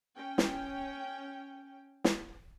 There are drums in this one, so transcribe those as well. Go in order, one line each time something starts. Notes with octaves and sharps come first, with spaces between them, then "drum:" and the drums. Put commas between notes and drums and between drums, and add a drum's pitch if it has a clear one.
C#4 G5
drum: snare
drum: snare